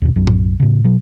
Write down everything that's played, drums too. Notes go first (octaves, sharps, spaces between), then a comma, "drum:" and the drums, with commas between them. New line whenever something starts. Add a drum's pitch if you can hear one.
D#2 G#2 B2
B1 F#2 F#3
drum: tom A2
A2 C#3
B2 F#3